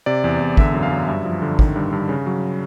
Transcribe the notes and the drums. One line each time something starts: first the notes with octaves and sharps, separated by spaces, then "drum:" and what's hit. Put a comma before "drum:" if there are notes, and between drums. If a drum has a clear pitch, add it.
C3 D5
E2
E2
D3 E5, drum: kick
F#2
F5
F#2
G2 E5
F3
D3
D#3, drum: kick
G2
G2
C#3
F#3